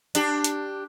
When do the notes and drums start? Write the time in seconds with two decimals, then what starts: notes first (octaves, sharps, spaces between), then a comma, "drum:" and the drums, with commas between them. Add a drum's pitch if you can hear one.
0.15 D4 G4, drum: hi-hat
0.44 drum: hi-hat